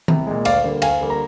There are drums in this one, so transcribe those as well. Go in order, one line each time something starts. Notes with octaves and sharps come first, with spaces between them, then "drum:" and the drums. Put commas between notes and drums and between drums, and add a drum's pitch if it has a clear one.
C2, drum: tom D#3
A#2 G#3
D2 D5 F5, drum: cymbal
D3 G3 A#3
D2 F5 G#5, drum: cymbal
D3 G3 A#3
A#5